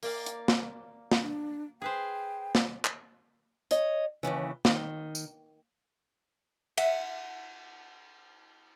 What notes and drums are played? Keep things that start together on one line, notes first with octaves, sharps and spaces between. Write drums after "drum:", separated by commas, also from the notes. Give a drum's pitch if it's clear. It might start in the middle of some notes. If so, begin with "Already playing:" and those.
A#3 D5 F5, drum: open hi-hat
drum: hi-hat
drum: snare
drum: snare
D4
G#4 B4 C5 G5
drum: snare
drum: clap
C#5 D#5, drum: hi-hat
D#2 G#2 C#3 E3
D#3, drum: snare
drum: tambourine
E5 F#5, drum: cymbal